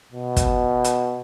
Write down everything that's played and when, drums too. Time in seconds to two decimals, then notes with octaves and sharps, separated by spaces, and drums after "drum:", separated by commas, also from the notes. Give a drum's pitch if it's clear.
0.13 B2
0.36 drum: kick, hi-hat
0.84 drum: hi-hat